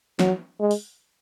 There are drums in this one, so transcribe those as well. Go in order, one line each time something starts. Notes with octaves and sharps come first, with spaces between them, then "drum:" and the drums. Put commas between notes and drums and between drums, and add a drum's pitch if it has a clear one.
F#3, drum: snare
G#3
drum: open hi-hat